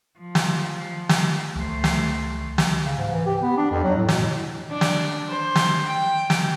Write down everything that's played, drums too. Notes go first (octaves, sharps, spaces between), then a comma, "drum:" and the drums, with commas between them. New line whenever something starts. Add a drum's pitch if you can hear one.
F3
drum: snare
drum: snare
C#2 A3 C5
drum: snare
drum: snare
C#3
G#2
E3
G4
B3
D4
F2
F#3
A2
B2, drum: snare
D4
drum: snare
C5
drum: snare
G5
drum: snare